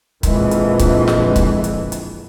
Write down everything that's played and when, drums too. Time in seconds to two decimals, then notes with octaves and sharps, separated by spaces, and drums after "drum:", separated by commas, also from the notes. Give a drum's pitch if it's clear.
0.23 A#1 F2 D3 E3 G#3, drum: kick C#1, hi-hat
0.51 drum: hi-hat
0.79 drum: kick C#1, hi-hat
1.08 drum: snare
1.36 drum: kick C#1, hi-hat
1.64 drum: hi-hat
1.92 drum: hi-hat